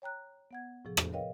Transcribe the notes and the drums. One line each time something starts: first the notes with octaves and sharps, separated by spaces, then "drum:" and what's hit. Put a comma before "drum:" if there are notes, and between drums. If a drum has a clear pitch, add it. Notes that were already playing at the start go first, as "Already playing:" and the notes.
C#5 G5 A#5 F#6
B3 F#5 G#6
A2 C3 F3 G#4
drum: rim click
A#4 B4 C#5 D#5 F5 G5